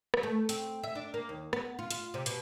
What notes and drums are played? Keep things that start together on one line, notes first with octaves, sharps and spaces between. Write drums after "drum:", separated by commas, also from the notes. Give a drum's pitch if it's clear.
drum: rim click
A3
C4, drum: hi-hat
E5
D4
A#3
D#2
B3, drum: rim click
F4
F4, drum: hi-hat
C3
B2, drum: hi-hat